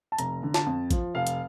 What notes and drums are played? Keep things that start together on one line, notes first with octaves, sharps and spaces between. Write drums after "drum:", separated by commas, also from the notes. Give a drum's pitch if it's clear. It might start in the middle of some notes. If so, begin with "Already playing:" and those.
A5
F1 A#5, drum: hi-hat
D3
A5, drum: snare
F2
F3, drum: kick, hi-hat
F1 F5
drum: hi-hat